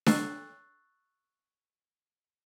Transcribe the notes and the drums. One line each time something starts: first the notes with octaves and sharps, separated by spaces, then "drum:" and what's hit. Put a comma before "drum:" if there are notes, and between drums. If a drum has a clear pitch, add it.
C#6 E6 F#6 A6 C7, drum: snare D4